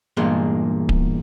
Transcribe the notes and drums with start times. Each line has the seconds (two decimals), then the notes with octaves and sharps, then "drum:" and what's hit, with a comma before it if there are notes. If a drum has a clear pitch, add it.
0.17 E2 G2 A#2 G#3 A#3
0.89 drum: kick D1